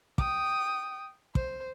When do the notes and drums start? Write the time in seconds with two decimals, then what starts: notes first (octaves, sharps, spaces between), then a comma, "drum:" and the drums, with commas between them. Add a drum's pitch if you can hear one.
0.18 G5 D#6, drum: kick
1.35 C5, drum: kick